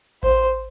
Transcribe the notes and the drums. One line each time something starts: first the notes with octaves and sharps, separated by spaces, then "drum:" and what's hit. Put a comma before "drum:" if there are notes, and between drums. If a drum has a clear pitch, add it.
C5, drum: kick A1